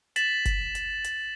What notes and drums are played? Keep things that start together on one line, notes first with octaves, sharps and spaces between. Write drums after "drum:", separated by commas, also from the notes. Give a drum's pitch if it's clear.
A6 B6 E7 F#7, drum: hi-hat
drum: kick F#1, hi-hat
drum: hi-hat
drum: hi-hat